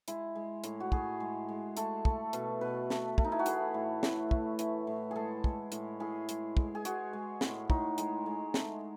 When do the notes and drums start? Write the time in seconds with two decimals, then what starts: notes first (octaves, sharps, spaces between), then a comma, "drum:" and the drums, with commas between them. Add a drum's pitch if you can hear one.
0.08 G#3 E4, drum: hi-hat
0.36 G#3
0.64 A2, drum: hi-hat
0.80 F#4
0.92 A2 G#4, drum: kick
1.20 G#3
1.49 G#3
1.77 A3 A4, drum: hi-hat
2.05 A3, drum: kick
2.33 B2, drum: hi-hat
2.61 B2 B4
2.90 A3, drum: snare
3.18 A3, drum: kick
3.25 D#4
3.32 E4
3.39 F#4
3.46 E3 G#4, drum: hi-hat
3.74 A2
4.03 A2, drum: snare
4.31 A3, drum: kick
4.59 E3, drum: hi-hat
4.87 A2
5.11 G#3 G#4 A4
5.44 G#3, drum: kick
5.72 A2, drum: hi-hat
6.00 A2 G#4
6.29 G#3, drum: hi-hat
6.57 G#3, drum: kick
6.75 G#4
6.85 G#3 F#4, drum: hi-hat
7.13 G#3
7.41 A2, drum: snare
7.70 A2 D#4, drum: kick
7.98 G#3, drum: hi-hat
8.26 G#3
8.54 A3, drum: snare